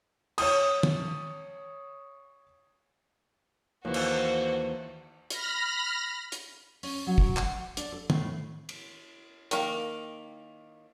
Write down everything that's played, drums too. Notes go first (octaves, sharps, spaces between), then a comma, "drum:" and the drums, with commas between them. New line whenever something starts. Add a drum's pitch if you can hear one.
C#5 D#6, drum: cymbal
drum: tom
D#2 E3 F#4 C5
drum: cymbal
B5 F6 A#6, drum: hi-hat
drum: hi-hat
C#4, drum: open hi-hat
F#3
drum: kick
F#5, drum: clap
D4, drum: hi-hat
A4
A2, drum: tom
drum: cymbal
D#3 A#3, drum: hi-hat